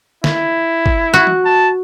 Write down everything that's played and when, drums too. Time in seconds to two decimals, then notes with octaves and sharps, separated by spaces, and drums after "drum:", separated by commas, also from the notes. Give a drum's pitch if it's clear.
0.24 E4, drum: snare
0.86 drum: kick
1.14 F#4
1.27 drum: tom E3
1.45 A5